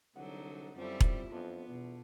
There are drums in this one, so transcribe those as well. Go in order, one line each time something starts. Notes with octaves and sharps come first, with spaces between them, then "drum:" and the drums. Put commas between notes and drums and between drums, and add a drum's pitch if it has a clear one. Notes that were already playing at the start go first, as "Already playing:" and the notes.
C2 D3 F#3 D#4 F#5
F#2 F3 G3 C4 C#4 E4 A4
drum: kick E1
F2 B3 D4 C6
E2 B2